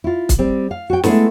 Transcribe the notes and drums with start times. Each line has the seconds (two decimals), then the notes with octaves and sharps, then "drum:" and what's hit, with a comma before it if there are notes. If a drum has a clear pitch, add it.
0.04 E4 F4
0.29 drum: kick, hi-hat
0.38 G3 C4
0.71 F5
0.90 F#4 G5
1.04 G#3 A3 B3 E4 A4, drum: snare